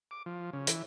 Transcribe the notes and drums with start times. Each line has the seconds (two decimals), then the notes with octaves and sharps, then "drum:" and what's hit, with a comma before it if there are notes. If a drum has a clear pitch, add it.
0.11 D6
0.26 F3
0.53 C#3
0.67 E3, drum: hi-hat